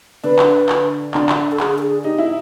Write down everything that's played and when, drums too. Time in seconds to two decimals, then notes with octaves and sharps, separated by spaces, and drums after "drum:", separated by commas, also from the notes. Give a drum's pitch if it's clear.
0.24 D3 D4 B4
0.39 drum: clap
0.69 drum: clap
1.14 D3 D4, drum: clap
1.29 drum: clap
1.51 A4
1.60 G#4, drum: clap
1.78 A4
1.83 G#4
2.04 D#4 G4
2.18 E4